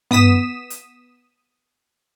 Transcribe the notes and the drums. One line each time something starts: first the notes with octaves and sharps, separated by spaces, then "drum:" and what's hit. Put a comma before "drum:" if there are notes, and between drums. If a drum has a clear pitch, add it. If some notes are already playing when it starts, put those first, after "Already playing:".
B3 D#6 B6 E7, drum: tom
drum: hi-hat